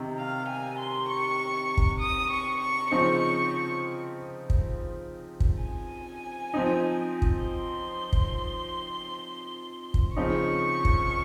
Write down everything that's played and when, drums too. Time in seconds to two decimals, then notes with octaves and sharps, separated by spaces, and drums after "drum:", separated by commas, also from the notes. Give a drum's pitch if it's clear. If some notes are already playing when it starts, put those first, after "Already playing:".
Already playing: C3 D#3
0.19 F5
0.49 G#5
0.79 C6
1.09 C#6
1.77 drum: kick
2.00 D#6
2.30 C#6
2.61 C#6
2.91 C#3 F3 C4 D#4 C#6
4.50 drum: kick
5.40 drum: kick
5.63 G#5
6.54 F3 C4 D#4
7.22 drum: kick
7.44 C6
8.13 drum: kick
9.94 drum: kick
10.16 C#3 F3 C4 D#4 C#6
10.85 drum: kick